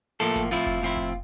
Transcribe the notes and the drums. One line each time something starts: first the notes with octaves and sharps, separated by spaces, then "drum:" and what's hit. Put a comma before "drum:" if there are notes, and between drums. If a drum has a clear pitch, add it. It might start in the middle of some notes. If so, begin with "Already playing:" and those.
A2 F3 A#3 E4 A4
drum: snare G1
A2 F3 C4 E4 F4
drum: kick F1
A2 F3 C4 E4
drum: kick F1